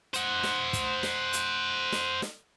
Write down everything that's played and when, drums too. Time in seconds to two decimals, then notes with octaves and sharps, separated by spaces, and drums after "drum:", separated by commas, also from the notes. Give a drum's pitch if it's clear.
0.14 C5 F#5, drum: hi-hat
0.43 drum: snare
0.73 drum: kick, hi-hat
1.03 drum: snare
1.33 drum: hi-hat
1.92 drum: snare
2.22 drum: snare